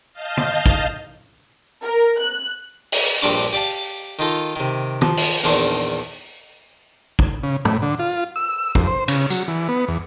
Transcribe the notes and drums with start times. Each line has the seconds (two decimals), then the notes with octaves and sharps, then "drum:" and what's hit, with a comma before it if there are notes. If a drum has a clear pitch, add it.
0.13 D#5 F5 A5 F6 G6
0.37 drum: tom
0.66 drum: kick
1.83 A#4
2.21 F#6
2.92 drum: open hi-hat
3.22 A#1 G2 C4 B5 C#6 D6
3.52 G4 D5 F5 A5
4.19 D#3 D#4 F4 A4
4.56 C3 D#3
5.02 F3, drum: tom
5.17 drum: open hi-hat
5.44 A#1 E2 D#3 D4 C5 C#6
7.19 drum: kick
7.43 C#3
7.65 A2, drum: tom
7.82 D3
7.99 F4
8.36 E6
8.75 F2, drum: kick
8.87 C5
9.08 C#3, drum: cymbal
9.30 F#3, drum: tambourine
9.48 E3
9.69 B3
9.88 E2